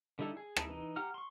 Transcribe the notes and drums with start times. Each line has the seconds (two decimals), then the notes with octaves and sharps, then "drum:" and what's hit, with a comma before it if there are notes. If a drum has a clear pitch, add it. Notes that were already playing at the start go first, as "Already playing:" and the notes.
0.19 D3 G3 D#4 E4 A4
0.37 G#4
0.56 D#4 E4 G#4 A5, drum: rim click
0.68 E3 D#4
0.96 G4 F#5 A#5 F6
1.14 C6 C#6